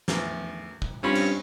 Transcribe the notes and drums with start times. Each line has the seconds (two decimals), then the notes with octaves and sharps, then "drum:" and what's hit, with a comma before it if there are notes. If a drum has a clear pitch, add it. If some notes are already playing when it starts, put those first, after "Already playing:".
0.08 E2 A2, drum: snare
0.82 drum: kick
1.03 G2 C4 C#4 F4 B5
1.15 drum: cymbal